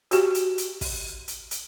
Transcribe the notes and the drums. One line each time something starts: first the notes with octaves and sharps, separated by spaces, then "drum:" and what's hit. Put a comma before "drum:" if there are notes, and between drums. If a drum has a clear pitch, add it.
F#4 G4, drum: hi-hat
drum: hi-hat
drum: hi-hat
drum: kick, open hi-hat
drum: hi-hat
drum: hi-hat